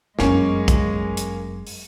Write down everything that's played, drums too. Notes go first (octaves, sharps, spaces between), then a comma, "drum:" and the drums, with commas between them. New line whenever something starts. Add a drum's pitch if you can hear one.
G1 F#2 G#3 A#3 C#4, drum: snare
drum: kick A#1, hi-hat
drum: hi-hat
drum: open hi-hat